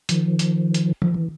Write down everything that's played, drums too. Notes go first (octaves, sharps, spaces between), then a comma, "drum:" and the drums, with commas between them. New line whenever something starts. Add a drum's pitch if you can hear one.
D#3 F3, drum: hi-hat
drum: hi-hat
drum: hi-hat
F3, drum: tom D#3
E3